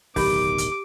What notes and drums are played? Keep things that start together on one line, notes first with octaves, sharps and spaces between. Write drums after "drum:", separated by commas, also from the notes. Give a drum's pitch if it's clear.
D1 B1 D#3 G4 B5 D6, drum: kick, open hi-hat
drum: hi-hat